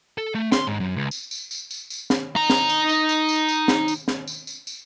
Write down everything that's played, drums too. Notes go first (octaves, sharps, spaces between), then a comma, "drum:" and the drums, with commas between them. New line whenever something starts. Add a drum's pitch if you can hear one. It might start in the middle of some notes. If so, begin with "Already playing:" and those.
A4
A3
C6, drum: snare
G#2
F#2
C#2
drum: tambourine
drum: tambourine
drum: tambourine
drum: tambourine
drum: tambourine
drum: snare
D#4 A#5
drum: snare
drum: tambourine
drum: tambourine
drum: tambourine
drum: tambourine
drum: tambourine
drum: snare
drum: tambourine
drum: snare
drum: tambourine
drum: tambourine
drum: tambourine